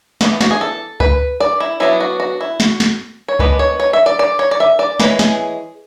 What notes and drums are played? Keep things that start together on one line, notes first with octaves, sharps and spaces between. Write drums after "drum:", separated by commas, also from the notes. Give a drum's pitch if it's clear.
E3 B3 D4 F#4, drum: snare
F#4, drum: snare
G#4
A4
B4, drum: kick C#2
D5
E4
F#3 B3 D4 E4
F#4
F#4
E4
F#4, drum: snare
drum: snare
C#5
G#3 B3 D4 B4, drum: kick C#2
C#5
C#5
E5
D5
D5
C#5
D5
E5
D5
E3 G#3 C#4 B4, drum: snare
G#4, drum: snare